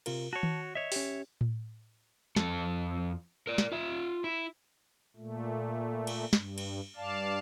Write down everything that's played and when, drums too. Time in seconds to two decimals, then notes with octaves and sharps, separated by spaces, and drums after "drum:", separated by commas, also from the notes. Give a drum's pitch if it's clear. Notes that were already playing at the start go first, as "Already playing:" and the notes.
0.06 C3 F4 A#4, drum: cymbal
0.33 F#4 C#5 A5
0.43 drum: tom D#3
0.75 C#5 D#5 E5
0.92 C#4 G4, drum: open hi-hat
1.41 drum: tom A2
2.36 F2 A4, drum: snare
3.47 A#4 D5
3.58 drum: snare
3.72 F4 E5
4.24 E4
5.16 A#2 A3
6.07 drum: cymbal
6.33 G2, drum: snare
6.58 drum: cymbal
6.96 G2 D5 F5 A5